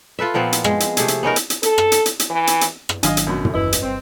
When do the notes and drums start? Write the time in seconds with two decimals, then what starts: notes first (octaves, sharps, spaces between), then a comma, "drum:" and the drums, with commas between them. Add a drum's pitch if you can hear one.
0.19 F4 A4 B4 E5
0.34 A#2 F3 B3 C4
0.53 drum: hi-hat
0.64 G#3, drum: rim click
0.80 drum: hi-hat
0.97 C3 A3 G#4, drum: hi-hat
1.08 drum: hi-hat
1.23 B3 C#4 D#4 A#4
1.36 drum: hi-hat
1.50 drum: hi-hat
1.63 A4, drum: hi-hat
1.78 drum: rim click
1.92 drum: hi-hat
2.06 drum: hi-hat
2.19 drum: hi-hat
2.30 E3
2.47 drum: hi-hat
2.61 drum: hi-hat
2.89 drum: rim click
3.03 G#1 D#3 F#3 D4 D#5 F5 G#5, drum: hi-hat
3.17 drum: hi-hat
3.27 F#2 B2
3.45 drum: tom
3.54 G1 E2 E4 B4 D#5
3.73 drum: hi-hat
3.82 F#1 G2 C4